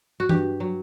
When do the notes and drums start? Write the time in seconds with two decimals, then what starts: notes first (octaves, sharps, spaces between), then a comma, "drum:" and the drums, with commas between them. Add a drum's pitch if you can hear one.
0.20 F#4
0.29 G2 G4, drum: tom
0.60 F#3